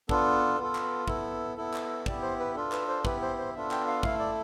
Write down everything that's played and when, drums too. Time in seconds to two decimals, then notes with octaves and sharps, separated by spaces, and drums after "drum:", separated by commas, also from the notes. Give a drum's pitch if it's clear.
0.09 B3 D4 F4 A4, drum: kick
0.58 B3 F4 A4
0.75 drum: clap
1.08 B3 E4 A4, drum: kick
1.57 B3 E4 A4
1.74 drum: clap
2.06 B3 E4 G4 D5, drum: kick
2.22 C5
2.40 B4
2.55 D4 F4 A4
2.72 B4, drum: clap
2.88 C5
3.05 B3 E4 G4 B4, drum: kick
3.22 C5
3.38 C5
3.54 B3 D4 F4 A4 E5
3.71 G5, drum: clap
3.87 F5
4.03 A3 E4 A4 F5, drum: kick
4.19 D5